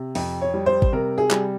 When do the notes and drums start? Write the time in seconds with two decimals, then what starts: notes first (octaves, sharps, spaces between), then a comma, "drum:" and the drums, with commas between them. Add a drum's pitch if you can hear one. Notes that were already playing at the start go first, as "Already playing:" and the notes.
Already playing: C3
0.15 F2, drum: open hi-hat
0.41 C#5
0.54 G3
0.66 C5
0.82 drum: kick G#1
0.92 C3 A#4
1.18 G#4
1.31 G3, drum: clap